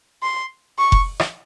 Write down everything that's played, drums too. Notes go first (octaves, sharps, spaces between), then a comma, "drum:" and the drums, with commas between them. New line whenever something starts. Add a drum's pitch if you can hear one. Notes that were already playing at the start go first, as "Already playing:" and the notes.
C6
C#6
drum: kick F1
drum: rim click